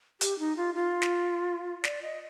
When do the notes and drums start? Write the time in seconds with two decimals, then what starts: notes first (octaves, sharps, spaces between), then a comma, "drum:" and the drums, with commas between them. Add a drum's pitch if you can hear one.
0.21 G4, drum: hi-hat
0.39 D#4
0.57 F4
0.74 F4
1.02 drum: snare
1.84 D5, drum: snare
2.02 D#5